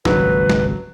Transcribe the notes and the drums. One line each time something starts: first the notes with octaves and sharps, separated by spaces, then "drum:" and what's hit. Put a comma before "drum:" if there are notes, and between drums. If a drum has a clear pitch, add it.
D#1 G#1 C#2 F#3 B4, drum: snare
drum: snare